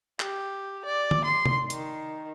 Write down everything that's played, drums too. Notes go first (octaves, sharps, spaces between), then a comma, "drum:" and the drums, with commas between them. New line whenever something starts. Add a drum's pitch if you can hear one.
G4, drum: clap
D5
drum: tom
C6
drum: tom C3
D#3, drum: hi-hat